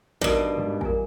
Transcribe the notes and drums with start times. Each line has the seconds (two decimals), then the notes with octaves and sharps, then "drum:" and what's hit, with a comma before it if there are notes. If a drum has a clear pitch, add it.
0.21 G2 B2 D#3 E4 A#4 D5 D#5, drum: kick A1
0.58 G#2 D#3 G3
0.81 F2 G3 A#3 A#4 G#5, drum: kick A1